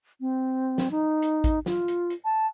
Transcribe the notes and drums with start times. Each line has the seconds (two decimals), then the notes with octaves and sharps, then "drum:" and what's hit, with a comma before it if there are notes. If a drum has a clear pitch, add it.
0.21 C4
0.78 drum: snare F#3
0.91 D#4
1.22 drum: hi-hat
1.44 drum: kick A1, hi-hat
1.66 F4, drum: snare F#3
1.88 drum: hi-hat
2.10 drum: hi-hat
2.25 A5